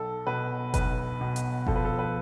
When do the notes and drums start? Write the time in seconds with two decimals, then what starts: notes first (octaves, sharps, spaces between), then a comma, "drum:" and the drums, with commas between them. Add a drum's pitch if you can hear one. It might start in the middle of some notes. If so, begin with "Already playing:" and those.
Already playing: B1 A4
0.27 B2 B4
0.74 B1 B4, drum: kick F#1, hi-hat
1.21 B2
1.36 drum: hi-hat
1.67 F3 A4, drum: kick F#1
1.76 B4
1.85 A4
1.99 B4